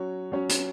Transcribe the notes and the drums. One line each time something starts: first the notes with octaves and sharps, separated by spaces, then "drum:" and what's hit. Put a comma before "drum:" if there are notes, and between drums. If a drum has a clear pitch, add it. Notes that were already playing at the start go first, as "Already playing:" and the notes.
Already playing: F#3 C#4 F#4 C#5
F#3 C#4 F#4 C#5
drum: hi-hat